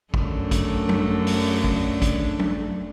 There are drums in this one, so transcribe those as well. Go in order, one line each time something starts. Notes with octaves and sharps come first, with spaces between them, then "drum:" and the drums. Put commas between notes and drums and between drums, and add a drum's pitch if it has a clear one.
F#2 A3 D4, drum: kick
drum: kick, hi-hat
drum: tom F#3
drum: open hi-hat
drum: kick
drum: kick, hi-hat
drum: tom F#3